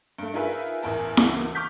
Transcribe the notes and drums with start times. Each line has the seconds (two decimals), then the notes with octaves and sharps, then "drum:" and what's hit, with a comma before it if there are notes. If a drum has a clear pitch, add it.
0.18 G2 A3
0.34 D#4 F4 G#4 A#4 B4 E5
0.82 A1 E2 E4 A#4 A5
1.17 D2 C#3 E3 A#3 D6, drum: snare E4
1.55 C#6 D6 F6 G6 B6